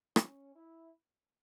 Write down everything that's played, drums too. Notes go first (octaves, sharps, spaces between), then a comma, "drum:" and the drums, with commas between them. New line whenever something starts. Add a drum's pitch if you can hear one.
C#4, drum: rim click
E4